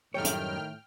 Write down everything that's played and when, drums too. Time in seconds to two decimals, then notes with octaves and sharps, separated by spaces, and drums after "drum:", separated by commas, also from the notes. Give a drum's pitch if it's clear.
0.14 F#2 A2 D#3 G3 C#5 G5 F6
0.25 drum: hi-hat